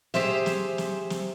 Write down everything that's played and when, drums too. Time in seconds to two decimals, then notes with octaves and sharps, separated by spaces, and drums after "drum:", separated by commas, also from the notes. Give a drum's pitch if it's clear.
0.14 G4 G#4 C5 E5, drum: snare
0.46 drum: snare
0.78 drum: snare
1.10 drum: snare